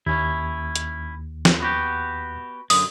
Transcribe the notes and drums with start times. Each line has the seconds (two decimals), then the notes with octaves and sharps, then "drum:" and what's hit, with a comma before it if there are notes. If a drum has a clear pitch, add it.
0.07 D#2 C#4 E4
0.76 drum: hi-hat
1.45 drum: snare
1.60 B3 F#4 G4
2.70 F#2 D3 D#6, drum: open hi-hat